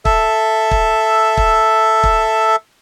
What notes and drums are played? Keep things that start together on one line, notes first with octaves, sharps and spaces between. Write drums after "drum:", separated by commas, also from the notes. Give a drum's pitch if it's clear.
A4 E5, drum: kick
drum: kick
drum: kick
drum: kick